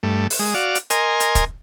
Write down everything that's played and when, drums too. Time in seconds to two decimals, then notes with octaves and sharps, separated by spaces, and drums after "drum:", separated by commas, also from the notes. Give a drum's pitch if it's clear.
0.03 G2 A3
0.30 drum: open hi-hat
0.39 G#3 D#6
0.54 F#4 D5 F5
0.75 drum: hi-hat
0.90 A#4 D#5 G#5 C6, drum: hi-hat
1.20 drum: hi-hat
1.35 drum: kick, hi-hat